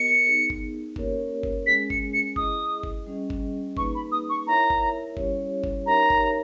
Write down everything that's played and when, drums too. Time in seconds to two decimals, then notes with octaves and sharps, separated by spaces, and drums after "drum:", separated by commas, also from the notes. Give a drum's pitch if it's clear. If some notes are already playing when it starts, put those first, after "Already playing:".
Already playing: B3 G4 A#4 D#5 C#7
0.26 B3 D#4 G#4
0.50 drum: kick G1
0.96 A#3 C#4 G4 A#4 C#5, drum: kick G1
1.43 drum: kick G1
1.67 G#3 C#4 G#4 B6
1.90 C#7, drum: kick G1
2.14 C#7
2.36 E4 G#4 D#5 D#6, drum: kick G1
2.83 drum: kick G1
3.07 G3 C#4 G#4 D#5
3.30 drum: kick G1
3.77 A#3 D#4 G#4 B4 C#6, drum: kick G1
3.95 B5
4.12 D#6
4.29 C#6
4.47 E4 A#4 C#5 E5 A#5
4.70 drum: kick G1
5.17 G3 C#4 E4 G4 C#5, drum: kick G1
5.64 drum: kick G1
5.86 D#4 G4 A#4 C#5 E5 A#5
6.10 drum: kick G1